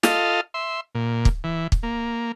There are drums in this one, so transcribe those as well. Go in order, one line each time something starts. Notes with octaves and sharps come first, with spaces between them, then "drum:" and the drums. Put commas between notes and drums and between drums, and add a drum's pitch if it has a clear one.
F4 A4 D#5 F5, drum: snare
E5 C6
A#2
drum: kick
E3
drum: kick
A#3